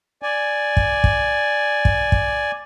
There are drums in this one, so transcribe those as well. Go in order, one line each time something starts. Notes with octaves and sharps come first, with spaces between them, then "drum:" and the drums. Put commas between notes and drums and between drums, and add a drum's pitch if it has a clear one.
D5 G#5
drum: kick
drum: kick
drum: kick
drum: kick